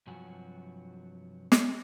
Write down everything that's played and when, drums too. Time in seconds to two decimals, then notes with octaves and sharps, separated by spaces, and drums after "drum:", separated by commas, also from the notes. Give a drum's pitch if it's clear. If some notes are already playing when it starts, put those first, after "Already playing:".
0.07 G2 C3 F3 F#3 F#4 G#5
1.52 drum: snare